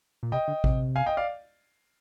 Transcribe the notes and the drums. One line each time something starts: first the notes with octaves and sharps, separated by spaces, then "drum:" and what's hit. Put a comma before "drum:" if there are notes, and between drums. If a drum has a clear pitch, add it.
A#2
C3 D#5 G5
D3
C3, drum: kick A1
F5 G#5
D#5 G5
D5 F5